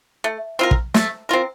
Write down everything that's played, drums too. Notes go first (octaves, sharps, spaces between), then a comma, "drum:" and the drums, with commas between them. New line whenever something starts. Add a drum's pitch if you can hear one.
A3
C4 F4 A#4
drum: kick
A3, drum: snare
C4 F4 A#4